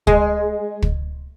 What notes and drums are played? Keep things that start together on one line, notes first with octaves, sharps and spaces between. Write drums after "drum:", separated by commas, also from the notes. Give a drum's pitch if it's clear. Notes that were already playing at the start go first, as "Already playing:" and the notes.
G#3, drum: kick
drum: kick